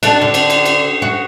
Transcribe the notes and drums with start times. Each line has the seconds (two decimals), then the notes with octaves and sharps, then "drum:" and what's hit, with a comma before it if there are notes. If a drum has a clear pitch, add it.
0.03 D4 A4, drum: cymbal
0.22 D3
0.34 drum: cymbal
0.50 drum: cymbal
0.65 drum: cymbal
1.02 F#4